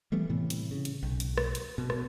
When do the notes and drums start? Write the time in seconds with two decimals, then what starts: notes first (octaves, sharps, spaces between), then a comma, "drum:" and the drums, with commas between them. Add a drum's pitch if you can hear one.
0.12 E3 G3 A3 B3
0.29 A2 C3 E3
0.50 drum: hi-hat
0.71 C#3
0.85 drum: hi-hat
1.03 B1
1.20 drum: hi-hat
1.38 drum: rim click
1.55 drum: hi-hat
1.78 B2
1.90 drum: rim click